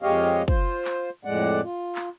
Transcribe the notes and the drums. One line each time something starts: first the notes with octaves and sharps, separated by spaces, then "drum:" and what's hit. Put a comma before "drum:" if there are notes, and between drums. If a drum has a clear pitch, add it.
F2 G#3 G4 C#5 D#5 F5
F4 C5, drum: kick
drum: clap
F2 A2 G#3 D5 F#5
F4
drum: clap